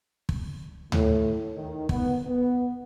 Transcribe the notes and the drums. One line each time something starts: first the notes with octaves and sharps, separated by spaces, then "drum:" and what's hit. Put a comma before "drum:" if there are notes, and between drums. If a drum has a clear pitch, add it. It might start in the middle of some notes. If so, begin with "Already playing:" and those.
drum: kick
A2, drum: tom D2
D#3
B3, drum: kick
B3